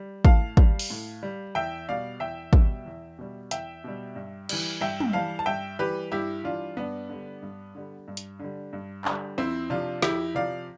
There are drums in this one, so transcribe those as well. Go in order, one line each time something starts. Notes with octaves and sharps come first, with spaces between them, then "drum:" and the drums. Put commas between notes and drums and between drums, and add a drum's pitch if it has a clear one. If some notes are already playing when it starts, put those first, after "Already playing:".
Already playing: G3
A2 F5 A5, drum: kick
G3, drum: kick
drum: open hi-hat
A2
G3
E2 E5 G5
B2 G3 D5 F5
E2 E5 G5
B2 G3, drum: kick
E2
B2 G3
E2 E5 G5, drum: hi-hat
B2 G3
G2
E3 G3, drum: cymbal
G2 E5 G5
drum: tom
E3 G3 F5 A5
A5
G2 E5 G5
E3 G3 G4 B4
G2 E4 G4
E3 G3 D4 F4
G2 B3 D4
D3 G3
G2
D3 G3
G2
drum: hi-hat
D3 G3
G2
D3 G3, drum: clap
F2 C4 E4
C3 F3 D4 F4
F2 E4 G4, drum: snare
C3 F3 D5 F5